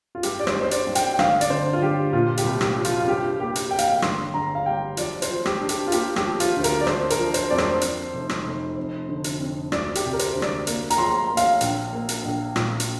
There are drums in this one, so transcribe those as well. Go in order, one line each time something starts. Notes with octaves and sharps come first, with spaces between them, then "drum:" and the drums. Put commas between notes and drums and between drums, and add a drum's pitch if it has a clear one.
F4
G2 G4, drum: hi-hat
D5
C5, drum: rim click
G2
C5
D5, drum: hi-hat
G2
G5, drum: hi-hat
G5
G1 F5, drum: rim click
D5, drum: hi-hat
D3 C5
F4
G1 G4
A#2 F4
G4, drum: hi-hat
C2
G4, drum: rim click
F3
F4, drum: hi-hat
F4
G2 G4
A#3 G4
drum: hi-hat
A#3 G5
F5, drum: hi-hat
G5
G1 C6, drum: rim click
G1 A#5
F5
G3 G5
F3 D5, drum: hi-hat
C5, drum: hi-hat
F3
G4, drum: rim click
D4
G4, drum: hi-hat
F4
A#3 G4, drum: hi-hat
G4, drum: rim click
F3
F4, drum: hi-hat
D2
A#4, drum: hi-hat
D5
D4 C5, drum: rim click
A#4, drum: hi-hat
F3
C5, drum: hi-hat
F2 D5
C5, drum: rim click
F2, drum: hi-hat
F1
drum: rim click
F1
F2
D3
drum: hi-hat
F2
D2 D5, drum: rim click
G4, drum: hi-hat
C3
A#4
C5, drum: hi-hat
D2
D5, drum: rim click
A#3, drum: hi-hat
A#5, drum: hi-hat
F3 C6
A#5
A#3
F5, drum: hi-hat
A#1, drum: hi-hat
A#3
drum: hi-hat
A#1
A#2, drum: rim click
drum: hi-hat